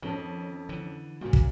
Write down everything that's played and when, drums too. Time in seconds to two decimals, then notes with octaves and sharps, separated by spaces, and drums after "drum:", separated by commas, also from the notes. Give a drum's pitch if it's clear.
0.03 F2 D#3 C#4 A5
0.69 D3 E3
1.21 A#2 C#3 F#3 G3
1.33 drum: kick